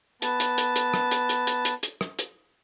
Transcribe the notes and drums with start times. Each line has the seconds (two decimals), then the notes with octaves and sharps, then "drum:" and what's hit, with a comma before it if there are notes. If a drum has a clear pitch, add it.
0.22 B3 A5, drum: hi-hat
0.40 drum: hi-hat
0.58 drum: hi-hat
0.76 drum: hi-hat
0.94 drum: rim click
1.11 drum: hi-hat
1.29 drum: hi-hat
1.47 drum: hi-hat
1.65 drum: hi-hat
1.83 drum: hi-hat
2.01 drum: rim click
2.19 drum: hi-hat